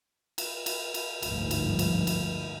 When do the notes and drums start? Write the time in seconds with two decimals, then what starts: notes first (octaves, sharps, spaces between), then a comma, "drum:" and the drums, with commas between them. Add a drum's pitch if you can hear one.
0.38 drum: cymbal
0.66 drum: cymbal
0.94 drum: cymbal
1.22 G1 D2 G#2 F3, drum: cymbal
1.51 drum: cymbal
1.79 drum: cymbal
2.07 drum: cymbal